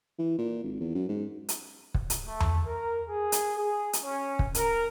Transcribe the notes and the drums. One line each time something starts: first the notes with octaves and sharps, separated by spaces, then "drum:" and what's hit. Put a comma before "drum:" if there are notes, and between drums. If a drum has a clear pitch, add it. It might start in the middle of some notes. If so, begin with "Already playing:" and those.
E3
A#2
G#1
E2
F#2
G#2
drum: hi-hat
drum: kick
drum: hi-hat
A3
drum: tom E2
A#4
G#4
drum: hi-hat
G#4
drum: hi-hat
C#4
drum: kick
A#4, drum: hi-hat